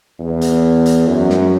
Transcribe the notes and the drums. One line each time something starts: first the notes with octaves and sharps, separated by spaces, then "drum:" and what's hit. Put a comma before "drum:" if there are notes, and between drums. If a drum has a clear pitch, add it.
E2
drum: hi-hat
drum: hi-hat
F#2
drum: snare